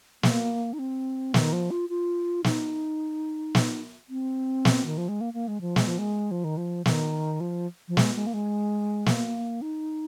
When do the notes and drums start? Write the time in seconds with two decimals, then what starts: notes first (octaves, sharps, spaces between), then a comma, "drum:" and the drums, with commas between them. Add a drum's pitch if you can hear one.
0.23 A#3, drum: snare
0.73 D#4
0.79 C4
1.34 D#3, drum: snare
1.53 F3
1.71 F4
1.89 F4
2.44 D#4, drum: snare
3.55 drum: snare
4.09 C4
4.65 drum: snare
4.86 D#3
4.98 F3
5.09 G#3
5.21 A#3
5.34 A#3
5.48 G#3
5.61 F3
5.76 G#3, drum: snare
5.87 F3
5.98 G#3
6.31 F3
6.44 D#3
6.57 F3
6.86 D#3, drum: snare
7.40 F3
7.88 F3
7.97 G#3, drum: snare
8.15 G#3
8.27 A#3
8.34 G#3
9.06 A#3, drum: snare
9.62 D#4